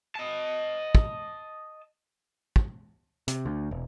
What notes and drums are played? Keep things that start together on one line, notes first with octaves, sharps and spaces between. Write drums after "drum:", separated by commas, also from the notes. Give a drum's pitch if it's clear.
D#5 A5
drum: kick
drum: kick
C3, drum: hi-hat
D2
E1